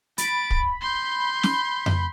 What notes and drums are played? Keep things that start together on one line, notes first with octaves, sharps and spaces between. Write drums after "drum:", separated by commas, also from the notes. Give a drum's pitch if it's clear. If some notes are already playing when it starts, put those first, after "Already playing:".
B5 A6 D7, drum: hi-hat
drum: kick
C6 G6
drum: snare
drum: tom F2